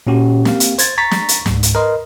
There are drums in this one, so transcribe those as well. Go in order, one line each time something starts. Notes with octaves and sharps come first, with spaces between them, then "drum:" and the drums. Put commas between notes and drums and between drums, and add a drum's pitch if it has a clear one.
A#2 C#4 F#4 G4
A#3 C4 G4 F5, drum: snare
drum: hi-hat
C5 G#6 A6, drum: hi-hat
A#5 C#6 A6 B6
drum: snare
drum: hi-hat
C#2 G#2, drum: snare
drum: hi-hat
A#4 B4 D#5 C6